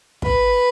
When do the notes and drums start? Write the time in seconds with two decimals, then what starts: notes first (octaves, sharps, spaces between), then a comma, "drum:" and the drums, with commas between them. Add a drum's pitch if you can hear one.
0.22 B4, drum: kick